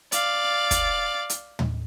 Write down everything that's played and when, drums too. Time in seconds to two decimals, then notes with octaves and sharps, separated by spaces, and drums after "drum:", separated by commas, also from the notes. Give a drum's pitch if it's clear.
0.12 D5 F5, drum: hi-hat
0.71 drum: kick, hi-hat
1.30 drum: hi-hat
1.59 drum: tom